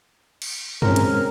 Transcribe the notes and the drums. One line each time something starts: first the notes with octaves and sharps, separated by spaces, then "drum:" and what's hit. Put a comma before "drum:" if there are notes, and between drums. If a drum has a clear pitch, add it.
drum: cymbal
G#3 C4 C#4 A#4, drum: tom F#2
drum: hi-hat